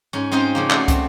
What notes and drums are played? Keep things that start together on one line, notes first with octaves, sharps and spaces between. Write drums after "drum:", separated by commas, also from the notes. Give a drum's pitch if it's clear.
G#2 C#4
C4 C#4 D#4 F4 C5
C#3 F3 A#3
A3 F#4 D5 F5, drum: clap
C4, drum: kick, hi-hat